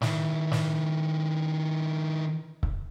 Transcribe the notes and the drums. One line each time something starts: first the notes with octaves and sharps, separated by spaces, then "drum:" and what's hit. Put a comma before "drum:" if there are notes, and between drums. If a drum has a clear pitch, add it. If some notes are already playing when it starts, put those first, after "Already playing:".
D#3 E4, drum: snare
drum: snare
drum: kick C#1